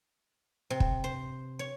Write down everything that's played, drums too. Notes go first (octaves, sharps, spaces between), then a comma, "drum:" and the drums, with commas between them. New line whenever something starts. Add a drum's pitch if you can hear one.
C3
drum: kick
C5
C#5